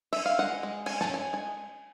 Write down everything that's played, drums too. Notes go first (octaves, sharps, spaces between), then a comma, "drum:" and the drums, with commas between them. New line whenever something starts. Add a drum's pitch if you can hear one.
E5, drum: cymbal
F5
G#3 F#5
G#3
C#4 G#5, drum: cymbal
A5, drum: snare
C#4 G#5
G#3 G#5